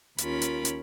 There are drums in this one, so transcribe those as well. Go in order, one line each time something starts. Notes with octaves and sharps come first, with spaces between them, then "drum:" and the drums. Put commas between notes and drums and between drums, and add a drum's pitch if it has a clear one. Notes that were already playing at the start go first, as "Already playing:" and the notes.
D#2 C#4 F4 A#4 B5, drum: hi-hat
drum: hi-hat
drum: hi-hat